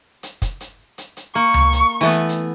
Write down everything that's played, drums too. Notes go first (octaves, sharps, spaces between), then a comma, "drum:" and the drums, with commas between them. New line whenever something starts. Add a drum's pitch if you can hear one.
drum: hi-hat
drum: kick, hi-hat
drum: hi-hat
drum: hi-hat
drum: hi-hat
A#3 C#6
drum: tom C#2
drum: hi-hat
E3 A3 B3
drum: hi-hat
drum: hi-hat